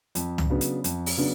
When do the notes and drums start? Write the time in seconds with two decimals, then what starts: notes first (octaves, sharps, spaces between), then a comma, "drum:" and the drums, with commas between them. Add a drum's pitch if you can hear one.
0.15 F2, drum: hi-hat
0.38 drum: tom C#2
0.50 C#3 F#3 B3 D4
0.61 drum: hi-hat
0.84 F2, drum: hi-hat
1.06 drum: open hi-hat
1.17 C#3 F#3 B3 D4